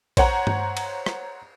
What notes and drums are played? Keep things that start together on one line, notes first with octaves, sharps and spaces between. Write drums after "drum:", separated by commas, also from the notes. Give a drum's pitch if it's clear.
C5 C#5 F#5 A#5, drum: kick, cymbal
drum: tom G2
drum: cymbal
drum: rim click